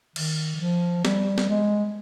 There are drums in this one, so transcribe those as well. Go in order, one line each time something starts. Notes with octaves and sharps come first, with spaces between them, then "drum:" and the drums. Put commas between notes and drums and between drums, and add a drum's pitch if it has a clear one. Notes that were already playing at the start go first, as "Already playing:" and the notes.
D#3, drum: cymbal
D#3
F3
G3, drum: snare
drum: snare
G#3